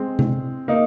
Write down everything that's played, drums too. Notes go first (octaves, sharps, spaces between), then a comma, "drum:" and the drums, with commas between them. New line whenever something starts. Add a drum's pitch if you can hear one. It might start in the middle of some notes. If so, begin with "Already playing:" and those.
Already playing: G#3 C4
drum: tom C3
A#3 D#4